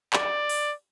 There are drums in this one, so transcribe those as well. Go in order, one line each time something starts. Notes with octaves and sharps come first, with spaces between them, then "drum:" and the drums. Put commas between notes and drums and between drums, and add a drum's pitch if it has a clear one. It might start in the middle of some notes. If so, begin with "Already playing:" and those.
D5, drum: clap
drum: open hi-hat